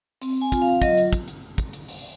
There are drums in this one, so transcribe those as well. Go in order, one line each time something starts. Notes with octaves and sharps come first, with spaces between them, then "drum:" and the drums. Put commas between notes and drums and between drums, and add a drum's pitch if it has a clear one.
C4, drum: hi-hat
G#5
F4, drum: kick, hi-hat
F5
F#3 D#5, drum: kick, hi-hat
drum: hi-hat
drum: kick, hi-hat
drum: hi-hat
drum: kick, hi-hat
drum: hi-hat
drum: open hi-hat